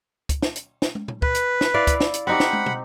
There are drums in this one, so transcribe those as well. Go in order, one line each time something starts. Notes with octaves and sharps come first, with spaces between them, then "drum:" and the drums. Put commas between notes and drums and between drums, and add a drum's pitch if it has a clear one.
drum: kick, hi-hat
drum: snare
drum: hi-hat
drum: snare
drum: tom
drum: tom A#2
B4, drum: kick
drum: hi-hat
drum: snare
E4 D5 F5
drum: kick, hi-hat
drum: snare
drum: hi-hat
C4 D#4 G4 F#5 B5
drum: snare
drum: tom
drum: tom